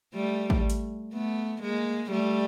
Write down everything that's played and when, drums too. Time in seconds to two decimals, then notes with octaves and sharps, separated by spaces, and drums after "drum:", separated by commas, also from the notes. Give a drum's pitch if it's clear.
0.15 G3 A3
0.50 drum: kick
0.70 drum: hi-hat
1.13 A3 B3
1.62 G#3 A#3
2.12 G3 A3